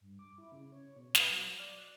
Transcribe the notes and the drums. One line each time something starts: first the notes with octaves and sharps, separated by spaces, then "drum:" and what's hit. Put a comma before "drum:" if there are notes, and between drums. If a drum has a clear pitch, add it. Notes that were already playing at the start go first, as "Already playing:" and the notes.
G2
D6
E4
C#3
C#5
B2
B4, drum: snare
F#3
F6
D5
F#6